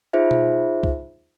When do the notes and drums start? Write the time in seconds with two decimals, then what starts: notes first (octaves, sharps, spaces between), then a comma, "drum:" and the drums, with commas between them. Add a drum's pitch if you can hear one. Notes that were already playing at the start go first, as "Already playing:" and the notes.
0.13 D#4 F4 G#4 C5 E5
0.31 drum: tom B2
0.83 drum: kick